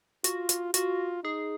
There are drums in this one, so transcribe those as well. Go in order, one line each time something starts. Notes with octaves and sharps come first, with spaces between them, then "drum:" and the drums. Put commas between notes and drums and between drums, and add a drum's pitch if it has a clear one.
F4 F#4, drum: hi-hat
drum: hi-hat
F4 F#4, drum: hi-hat
D#4 G#4